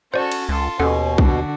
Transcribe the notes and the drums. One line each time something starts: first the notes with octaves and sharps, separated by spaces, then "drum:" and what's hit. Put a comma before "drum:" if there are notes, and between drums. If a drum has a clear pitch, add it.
C#4 F#4 A4 C5 D5
drum: cymbal
C#2 F4 A4
D#2 B2 C#4 A4 F#5 G#5
D3 F#4, drum: kick B1